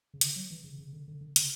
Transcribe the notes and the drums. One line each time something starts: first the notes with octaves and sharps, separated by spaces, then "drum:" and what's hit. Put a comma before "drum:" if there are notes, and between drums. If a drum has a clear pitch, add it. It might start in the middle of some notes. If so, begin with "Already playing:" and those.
C#3
D3, drum: hi-hat
F#3
E3
C#3
C#3
D3
D3
D3
C#3, drum: hi-hat